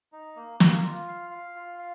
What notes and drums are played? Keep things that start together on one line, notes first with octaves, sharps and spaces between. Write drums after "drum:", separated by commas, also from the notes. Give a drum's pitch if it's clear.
D#4
A#3
A#3, drum: snare
F4
F5
F5
F4
F5